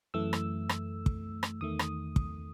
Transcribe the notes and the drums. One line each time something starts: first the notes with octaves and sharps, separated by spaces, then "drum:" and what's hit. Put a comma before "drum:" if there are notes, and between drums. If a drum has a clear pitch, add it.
F#2 E3 A3 E6
drum: rim click
drum: rim click
drum: kick
drum: rim click
E2 D#3 A3 D#6
drum: rim click
drum: kick